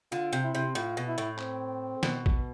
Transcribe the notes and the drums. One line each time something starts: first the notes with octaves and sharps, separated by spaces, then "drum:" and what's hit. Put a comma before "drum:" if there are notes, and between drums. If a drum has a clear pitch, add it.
D3 F4
C3
E4
C3
A2 F4
B2
E4
A2
C4, drum: clap
B2, drum: snare
drum: kick A#1